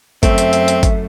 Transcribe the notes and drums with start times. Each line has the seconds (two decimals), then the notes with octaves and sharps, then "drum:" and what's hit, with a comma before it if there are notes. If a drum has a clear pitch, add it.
0.23 F#2 A3 C4 E5, drum: kick, hi-hat
0.38 drum: hi-hat
0.53 drum: hi-hat
0.68 drum: hi-hat
0.83 drum: kick, hi-hat